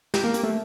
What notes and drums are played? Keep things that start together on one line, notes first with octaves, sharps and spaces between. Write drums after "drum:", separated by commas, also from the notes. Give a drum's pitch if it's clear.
G4, drum: snare
A#3
A#3, drum: hi-hat
A3